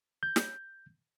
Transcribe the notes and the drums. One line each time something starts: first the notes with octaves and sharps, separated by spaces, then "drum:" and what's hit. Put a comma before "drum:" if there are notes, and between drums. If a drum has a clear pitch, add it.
G6
drum: snare